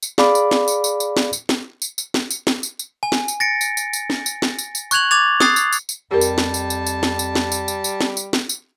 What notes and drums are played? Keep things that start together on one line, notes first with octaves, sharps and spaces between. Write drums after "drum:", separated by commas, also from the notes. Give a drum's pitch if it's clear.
drum: tambourine
G#4 D5 F5 B5 D6, drum: snare
drum: tambourine
drum: snare
drum: tambourine
drum: tambourine
drum: tambourine
drum: snare
drum: tambourine
drum: snare
drum: tambourine
drum: tambourine
drum: snare
drum: tambourine
drum: snare
drum: tambourine
drum: tambourine
G#5
drum: snare
drum: tambourine
A6 A#6 C#7 D7
drum: tambourine
drum: tambourine
drum: tambourine
drum: snare
drum: tambourine
drum: snare
drum: tambourine
drum: tambourine
C#6 F#6 G#6 F7 F#7, drum: tambourine
D6 G#6 A6 F7
D#6 F#6 A6 C7, drum: snare
drum: tambourine
drum: tambourine
drum: tambourine
F2 G3 G4 A#4 A5
drum: tambourine
drum: snare
drum: tambourine
drum: tambourine
drum: tambourine
drum: snare
drum: tambourine
drum: snare
drum: tambourine
drum: tambourine
drum: tambourine
drum: snare
drum: tambourine
drum: snare
drum: tambourine